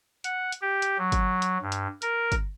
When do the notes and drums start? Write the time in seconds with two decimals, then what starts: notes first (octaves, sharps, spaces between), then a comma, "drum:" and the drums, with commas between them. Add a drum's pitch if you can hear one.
0.24 F#5, drum: hi-hat
0.52 drum: hi-hat
0.62 G4
0.82 drum: hi-hat
0.98 F#3
1.12 drum: kick G1, hi-hat
1.42 drum: hi-hat
1.62 G2
1.72 drum: hi-hat
2.02 A#4, drum: hi-hat
2.32 drum: kick G1, hi-hat